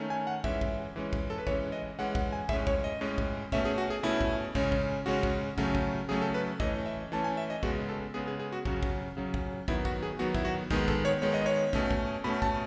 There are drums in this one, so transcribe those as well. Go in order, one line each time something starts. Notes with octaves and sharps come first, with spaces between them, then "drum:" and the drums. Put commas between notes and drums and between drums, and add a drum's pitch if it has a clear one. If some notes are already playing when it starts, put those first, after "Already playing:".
Already playing: D#3 A3 C#4
G#5
F#5
E3 G#3 C#4 E5, drum: kick
drum: kick
E3 G#3 C#4
drum: kick
A4
B4
E3 G#3 C#4 C#5, drum: kick
D#5
E3 G#3 C#4 F#5
F#5, drum: kick
G#5
A2 G#3 C#4 E5, drum: kick
C#5, drum: kick
D#5
A2 G#3 C#4
drum: kick
B2 A3 C#4 E5, drum: kick
G#4
F#4
G#4
B2 A3 C#4 E4
drum: kick
C#3 G#3 C#4, drum: kick
drum: kick
C#3 G#3 C#4 F#4
drum: kick
C#3 F#3 A3 C#4, drum: kick
drum: kick
C#3 F#3 A3 C#4 G#4
A4
B4
E3 A3 C#4 D#5, drum: kick
E5
E3 A3 C#4 A5
G#5
E5
D#5
C#3 G#3 B3 F#4, drum: kick
A4
C#3 G#3 B3 G#4
G#4
G#4
F#4
C#3 F#3 C#4 F#4, drum: kick
drum: kick
C#3 F#3 C#4
drum: kick
D#3 F#3 B3 E4, drum: kick
F#4, drum: kick
G#4
D#3 F#3 B3 F#4
E4, drum: kick
F#4
D#3 G#3 B3 G#4, drum: kick
A4, drum: kick
C#5
D#3 G#3 B3 C#5
D#5
C#5
B2 A3 C#4, drum: kick
drum: kick
B2 A3 C#4 B5
A5, drum: kick